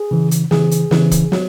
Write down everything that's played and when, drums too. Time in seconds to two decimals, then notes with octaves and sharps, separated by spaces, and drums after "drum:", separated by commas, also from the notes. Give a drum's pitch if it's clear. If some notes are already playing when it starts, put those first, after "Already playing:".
Already playing: G#4
0.11 C#3 E3
0.31 drum: hi-hat
0.51 C#3 E3 G#4, drum: snare
0.71 drum: hi-hat
0.91 C#3 E3, drum: snare
1.11 drum: kick, hi-hat
1.32 F#3, drum: snare